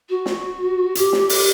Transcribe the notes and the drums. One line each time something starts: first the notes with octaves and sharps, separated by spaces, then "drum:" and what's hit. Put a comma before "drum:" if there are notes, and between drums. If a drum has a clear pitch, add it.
F#4
drum: snare
G4, drum: hi-hat
drum: snare
G4, drum: open hi-hat